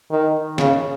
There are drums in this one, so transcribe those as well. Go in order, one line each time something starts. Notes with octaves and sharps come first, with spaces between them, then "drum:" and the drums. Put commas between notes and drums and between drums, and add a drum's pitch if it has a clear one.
D#3
C#3, drum: snare